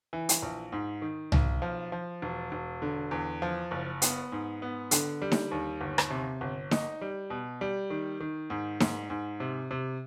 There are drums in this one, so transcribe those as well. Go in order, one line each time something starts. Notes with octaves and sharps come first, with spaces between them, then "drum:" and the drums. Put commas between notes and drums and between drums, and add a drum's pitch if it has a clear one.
E3
drum: hi-hat
A#1
G#2
D#3
B1, drum: tom C2
F3
F3
E1
E1
D3
E2
F3
F#1
B3, drum: hi-hat
G#2
B3
D3, drum: hi-hat
G3
drum: snare D#4
D#2
G1
drum: rim click
C3
G1
D#4, drum: snare D#4
G3
B2
G3
D#3
D#3
G#2
G#2, drum: snare D#4
G#2
C3
C3